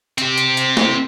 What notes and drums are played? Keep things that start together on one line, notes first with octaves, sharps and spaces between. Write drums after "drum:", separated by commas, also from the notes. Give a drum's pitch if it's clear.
C4 G4, drum: hi-hat
drum: hi-hat
drum: hi-hat
drum: snare